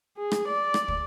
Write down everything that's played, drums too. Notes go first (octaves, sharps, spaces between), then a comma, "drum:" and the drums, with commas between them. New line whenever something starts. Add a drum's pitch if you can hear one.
G#4
drum: rim click
D5
drum: rim click
drum: kick